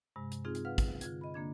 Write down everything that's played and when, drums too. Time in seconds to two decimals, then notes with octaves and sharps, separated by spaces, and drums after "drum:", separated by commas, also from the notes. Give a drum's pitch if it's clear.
0.16 G2 C3 G#3
0.32 drum: hi-hat
0.45 C4 D#4 F4 G#4
0.55 drum: hi-hat
0.65 B4 F5 F#5 F6
0.78 drum: kick, hi-hat
1.01 D3 F4 G#6, drum: hi-hat
1.21 D#5 B5
1.34 D3 A#3 D4 G#6